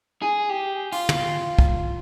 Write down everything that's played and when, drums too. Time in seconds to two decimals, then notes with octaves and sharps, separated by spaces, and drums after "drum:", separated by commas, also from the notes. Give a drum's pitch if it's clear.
0.22 G#4
0.49 G4
0.92 F4, drum: open hi-hat
1.09 drum: tom
1.59 drum: kick